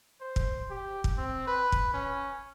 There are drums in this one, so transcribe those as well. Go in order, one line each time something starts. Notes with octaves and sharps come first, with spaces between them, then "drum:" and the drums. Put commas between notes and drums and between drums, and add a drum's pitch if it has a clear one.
C5
drum: kick
G4
drum: kick
C4
B4
drum: kick
C#4